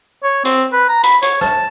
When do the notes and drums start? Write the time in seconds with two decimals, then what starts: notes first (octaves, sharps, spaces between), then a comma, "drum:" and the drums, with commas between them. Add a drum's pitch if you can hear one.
0.24 C#5
0.45 C4, drum: hi-hat
0.73 B4
0.89 A#5
1.03 B5, drum: hi-hat
1.22 C#5, drum: hi-hat
1.41 A5, drum: rim click